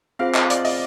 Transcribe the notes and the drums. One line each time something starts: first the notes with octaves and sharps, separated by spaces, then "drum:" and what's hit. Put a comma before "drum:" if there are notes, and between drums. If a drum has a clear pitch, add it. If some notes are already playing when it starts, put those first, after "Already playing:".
C4 F4 G#4 C5 F5
D#5, drum: clap
D5, drum: hi-hat
D#5, drum: open hi-hat